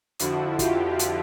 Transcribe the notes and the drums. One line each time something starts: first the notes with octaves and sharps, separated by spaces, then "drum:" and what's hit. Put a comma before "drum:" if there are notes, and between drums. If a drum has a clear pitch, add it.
F2 D3 F3 E4 F#4, drum: hi-hat
F4 G4, drum: kick, hi-hat
drum: hi-hat